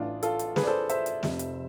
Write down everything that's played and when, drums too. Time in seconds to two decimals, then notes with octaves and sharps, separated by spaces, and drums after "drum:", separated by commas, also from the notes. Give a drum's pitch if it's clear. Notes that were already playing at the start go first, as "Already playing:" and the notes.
Already playing: A1 A2 E3 D4 F4
0.23 F4 A4, drum: hi-hat
0.39 drum: hi-hat
0.56 G#4 B4, drum: snare
0.63 D5
0.67 A4 C5
0.89 C5 E5, drum: hi-hat
1.06 drum: hi-hat
1.23 F1 F2 C3, drum: snare
1.39 drum: hi-hat